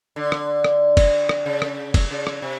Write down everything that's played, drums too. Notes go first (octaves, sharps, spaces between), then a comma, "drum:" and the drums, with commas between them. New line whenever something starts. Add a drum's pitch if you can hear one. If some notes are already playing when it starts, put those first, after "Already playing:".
D3
drum: rim click
drum: rim click
drum: kick, cymbal
drum: rim click
C#3
drum: rim click
drum: kick, cymbal
C#3
drum: rim click
C3